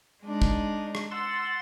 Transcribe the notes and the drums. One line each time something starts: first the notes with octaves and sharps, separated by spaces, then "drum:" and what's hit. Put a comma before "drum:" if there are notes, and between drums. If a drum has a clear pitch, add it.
G#3 D4 D#4
drum: kick
drum: rim click
F#5 C6 E6 A6